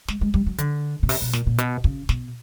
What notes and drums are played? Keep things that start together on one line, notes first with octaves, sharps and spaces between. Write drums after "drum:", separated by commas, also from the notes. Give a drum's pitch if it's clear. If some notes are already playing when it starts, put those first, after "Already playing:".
G#3, drum: snare
G#3
G3, drum: kick
F#3
D3, drum: hi-hat
B2
C3, drum: open hi-hat
B2
A#2, drum: snare
A#2
B2, drum: hi-hat
C#3, drum: kick
B2, drum: snare